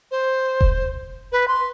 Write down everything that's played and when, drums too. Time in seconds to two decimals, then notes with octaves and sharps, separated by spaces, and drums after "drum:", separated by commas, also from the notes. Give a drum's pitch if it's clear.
0.11 C5
0.61 drum: kick E1
1.32 B4
1.48 C6